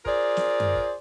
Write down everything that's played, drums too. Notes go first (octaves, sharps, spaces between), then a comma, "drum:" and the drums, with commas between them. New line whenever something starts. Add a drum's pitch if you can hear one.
F4 G#4 A#4 C5 D5, drum: kick
drum: snare
drum: tom F#2
drum: kick